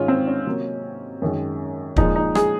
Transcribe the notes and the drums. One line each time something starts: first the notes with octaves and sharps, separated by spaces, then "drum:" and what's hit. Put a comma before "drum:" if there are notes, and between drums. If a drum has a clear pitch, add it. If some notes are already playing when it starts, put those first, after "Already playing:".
Already playing: G#2 D#3 G#3 C#4 F4
C4
C#4
C3 F#3 A#3
F#2 D#3 G#3
A#2 F3 G#3 D#4, drum: kick
D#4
G#4, drum: rim click